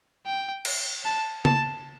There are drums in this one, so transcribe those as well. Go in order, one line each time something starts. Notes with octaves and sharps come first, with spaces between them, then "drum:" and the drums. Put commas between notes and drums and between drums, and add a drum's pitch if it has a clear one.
G5
drum: cymbal
A5
A5, drum: tom C#3